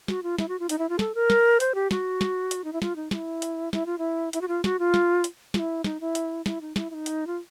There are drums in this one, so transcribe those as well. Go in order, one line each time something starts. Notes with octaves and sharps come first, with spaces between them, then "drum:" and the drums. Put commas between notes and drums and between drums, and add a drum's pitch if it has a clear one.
F#4, drum: snare
F4
E4, drum: snare
F#4
F4
D#4, drum: hi-hat
E4
F4
A4, drum: snare
A#4
drum: snare
C5, drum: hi-hat
G4
F#4, drum: snare
drum: snare
drum: hi-hat
D#4
E4
F4, drum: snare
D#4
F4, drum: snare
E4
drum: hi-hat
E4, drum: snare
F4
E4
E4, drum: hi-hat
F#4
F4
F#4, drum: snare
F4
drum: snare
drum: hi-hat
F4, drum: snare
E4
D#4, drum: snare
E4
drum: hi-hat
E4, drum: snare
D#4
E4, drum: snare
E4
D#4
drum: hi-hat
F4